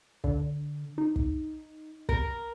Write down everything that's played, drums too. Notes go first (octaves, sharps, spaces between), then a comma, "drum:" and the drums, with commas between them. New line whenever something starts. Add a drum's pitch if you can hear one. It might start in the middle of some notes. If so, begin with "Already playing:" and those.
D3, drum: kick
D#4
drum: kick
A#4, drum: kick